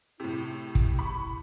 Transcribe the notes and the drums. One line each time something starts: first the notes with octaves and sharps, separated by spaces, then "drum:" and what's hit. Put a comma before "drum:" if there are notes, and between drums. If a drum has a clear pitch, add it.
A2 C3 E4
E4
drum: kick
B5 C#6